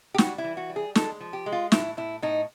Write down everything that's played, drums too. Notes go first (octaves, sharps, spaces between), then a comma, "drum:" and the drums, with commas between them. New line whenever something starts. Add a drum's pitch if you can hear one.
G4
G3 F#4, drum: snare
E4
E3
F#4
G3
G#4
G#3 A4, drum: snare
F3
G4
G#3
F4
A2 E4, drum: snare
A2 E4
A2 D#4